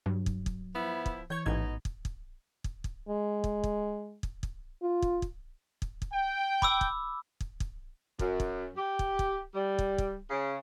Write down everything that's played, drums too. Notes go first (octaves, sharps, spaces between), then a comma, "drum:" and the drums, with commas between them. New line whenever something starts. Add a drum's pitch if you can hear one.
G2 F#3
drum: kick
drum: kick
F3 B3 E4
drum: kick
E3 C#5 G6 G#6
A1 G#2 B2 B3 D#4 G#6
drum: kick
drum: kick
drum: kick
drum: kick
G#3
drum: kick
drum: kick
drum: kick
drum: kick
F4
drum: kick
drum: kick
drum: kick
drum: kick
G5
B5 D6 E6, drum: kick
drum: kick
drum: kick
drum: kick
F#2, drum: kick
drum: kick
G4
drum: kick
drum: kick
G3
drum: kick
drum: kick
C#3